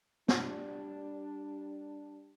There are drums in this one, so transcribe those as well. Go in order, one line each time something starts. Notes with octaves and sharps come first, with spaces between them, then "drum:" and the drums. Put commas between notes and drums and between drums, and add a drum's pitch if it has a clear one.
G3 D4, drum: snare